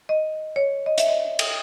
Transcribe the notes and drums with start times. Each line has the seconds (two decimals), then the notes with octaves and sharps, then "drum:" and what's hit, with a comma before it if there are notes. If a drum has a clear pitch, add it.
0.09 D#5
0.56 C#5
0.86 D#5
0.98 E5, drum: hi-hat
1.08 D#5
1.39 drum: cymbal